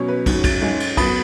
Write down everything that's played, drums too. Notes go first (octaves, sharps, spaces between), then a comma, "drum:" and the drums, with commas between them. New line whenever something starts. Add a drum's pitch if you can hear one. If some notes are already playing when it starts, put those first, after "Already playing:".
Already playing: B2 F#3 C#4 C#5
B4
G#2 F#3 C#4, drum: kick, cymbal
drum: kick, cymbal
G#2 G#3 C#4
drum: cymbal
F#3 B3 B5 D#6, drum: kick, cymbal